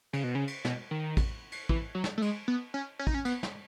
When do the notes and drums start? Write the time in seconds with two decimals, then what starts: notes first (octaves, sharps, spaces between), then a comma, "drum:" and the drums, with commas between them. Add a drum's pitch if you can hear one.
0.13 C#3, drum: cymbal
0.24 B2
0.35 C#3
0.47 drum: cymbal
0.65 B2, drum: snare
0.91 D#3
1.17 drum: kick, cymbal
1.52 drum: cymbal
1.69 E3, drum: kick
1.95 F#3
2.04 drum: snare
2.18 A3
2.22 G#3, drum: cymbal
2.48 B3
2.74 C#4
2.99 C#4
3.07 D#4, drum: kick
3.14 C#4
3.25 B3, drum: cymbal
3.43 drum: snare